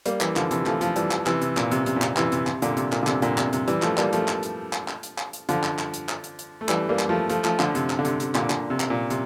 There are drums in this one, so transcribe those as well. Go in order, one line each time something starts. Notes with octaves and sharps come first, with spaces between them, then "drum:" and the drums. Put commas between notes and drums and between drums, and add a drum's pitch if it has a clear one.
G3 A#3, drum: hi-hat
E3 G3, drum: clap
D3 F3, drum: clap
C3 E3, drum: hi-hat
F3 A3, drum: clap
F3 A3, drum: hi-hat
E3 G3, drum: hi-hat
drum: clap
C3 E3, drum: clap
C3, drum: hi-hat
A#2, drum: clap
C3, drum: hi-hat
C3, drum: hi-hat
A#2
C3, drum: clap
C3 E3, drum: clap
C3, drum: hi-hat
C3, drum: clap
A#2 D3, drum: hi-hat
C3, drum: hi-hat
A#2, drum: clap
D3
C3, drum: clap
A#2 D3, drum: hi-hat
C3, drum: clap
C3, drum: hi-hat
E3 G3, drum: hi-hat
F3 A3, drum: clap
G3 A#3, drum: clap
F3 A3, drum: hi-hat
drum: clap
drum: hi-hat
drum: clap
drum: clap
drum: hi-hat
drum: clap
drum: hi-hat
D3 F3, drum: hi-hat
drum: clap
drum: clap
drum: hi-hat
drum: clap
drum: hi-hat
drum: hi-hat
A3
E3 G3, drum: clap
G3 A#3
drum: clap
F3 A3
F3 A3, drum: hi-hat
F3 A3, drum: clap
D3 F3, drum: clap
C3, drum: hi-hat
drum: clap
D3
C3, drum: hi-hat
C3, drum: hi-hat
A#2 D3, drum: clap
A#2 D3, drum: clap
C3
drum: clap
A#2
C3, drum: hi-hat